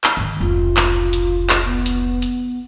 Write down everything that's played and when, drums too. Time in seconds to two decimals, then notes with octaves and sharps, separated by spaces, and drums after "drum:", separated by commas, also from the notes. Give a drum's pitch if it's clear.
0.04 drum: clap
0.17 G#1 D#3
0.40 F1 C#2 F4
0.77 drum: clap
1.13 drum: hi-hat
1.49 drum: clap
1.65 B3
1.86 drum: hi-hat
2.22 drum: hi-hat